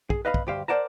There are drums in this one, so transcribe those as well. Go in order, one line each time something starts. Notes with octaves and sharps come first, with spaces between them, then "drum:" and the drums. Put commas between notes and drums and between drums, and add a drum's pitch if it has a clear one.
G#4, drum: kick
B4 D#5 F5 B5
drum: kick
D2 G2 G4 C5 F5
A#4 C5 D5 F#5 A5 A#5